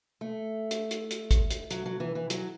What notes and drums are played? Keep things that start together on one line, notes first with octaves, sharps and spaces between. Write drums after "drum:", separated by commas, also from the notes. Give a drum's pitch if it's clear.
A3
drum: hi-hat
drum: hi-hat
drum: hi-hat
drum: kick, hi-hat
drum: hi-hat
F#3, drum: hi-hat
F#3
E3
E3
F#3, drum: hi-hat